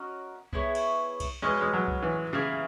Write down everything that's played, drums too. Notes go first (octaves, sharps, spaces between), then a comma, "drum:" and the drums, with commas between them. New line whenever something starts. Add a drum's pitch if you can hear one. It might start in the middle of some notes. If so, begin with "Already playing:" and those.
Already playing: C#4 F#4 A#4 D#5
B3 E4 G#4 C#5, drum: kick C2
drum: cymbal
drum: kick C2, cymbal
G#3 C#4 F#4 B4 D#5
G#3
F#3
drum: kick C2
E3
C#3 A#3 E4 G#4